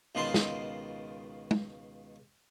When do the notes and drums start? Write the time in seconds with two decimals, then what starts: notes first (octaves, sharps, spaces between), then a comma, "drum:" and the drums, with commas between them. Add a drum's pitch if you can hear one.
0.15 C#2 B2 D#3 F4 A5 C6
0.34 drum: snare
1.51 drum: tom